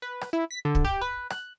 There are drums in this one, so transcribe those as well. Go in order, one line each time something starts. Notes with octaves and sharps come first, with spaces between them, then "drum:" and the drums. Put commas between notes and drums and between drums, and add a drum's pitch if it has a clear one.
B4
drum: rim click
E4
B6
D3
drum: kick
G4
B4
F#6, drum: rim click